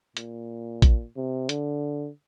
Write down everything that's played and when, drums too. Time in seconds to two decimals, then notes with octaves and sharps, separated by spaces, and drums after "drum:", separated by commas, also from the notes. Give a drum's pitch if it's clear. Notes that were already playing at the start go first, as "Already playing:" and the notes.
0.17 A#2, drum: hi-hat
0.82 drum: kick, hi-hat
1.16 C3
1.49 D3, drum: hi-hat